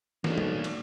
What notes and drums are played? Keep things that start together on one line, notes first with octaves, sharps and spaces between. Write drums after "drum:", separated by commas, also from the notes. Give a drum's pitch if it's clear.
B1 A#3 D4, drum: snare E3
drum: tom
drum: cymbal